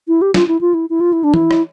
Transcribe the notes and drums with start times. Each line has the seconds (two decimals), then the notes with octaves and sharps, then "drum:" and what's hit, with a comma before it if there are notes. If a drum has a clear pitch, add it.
0.08 E4
0.21 G4
0.34 F4, drum: snare
0.48 E4
0.61 F4
0.74 E4
0.90 E4
1.00 F4
1.12 E4
1.23 D4
1.34 E4, drum: tom E3
1.51 drum: rim click